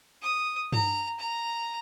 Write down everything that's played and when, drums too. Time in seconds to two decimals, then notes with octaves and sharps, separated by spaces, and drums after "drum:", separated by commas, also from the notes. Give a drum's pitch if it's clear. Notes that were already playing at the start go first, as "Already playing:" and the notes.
0.22 D#6
0.73 A#5, drum: tom G2
1.19 A#5